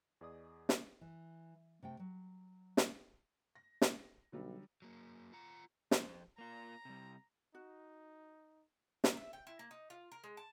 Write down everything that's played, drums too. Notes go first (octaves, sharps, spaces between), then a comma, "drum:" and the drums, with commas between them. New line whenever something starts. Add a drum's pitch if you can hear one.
E2 G#4 D5 D#5 D#6
drum: snare
E3
C3 A3 G5
F#3
drum: snare
A#6
drum: snare
B1 D3 F#3 G3
F#3 A#3
F4 F#5 A#5
F2 C5, drum: snare
A#3 F4 A#5
C3 G3
D#4 F#4
A#5, drum: snare
E5
G5
E4
A#3
D#4
F4
A#4
G#3
A5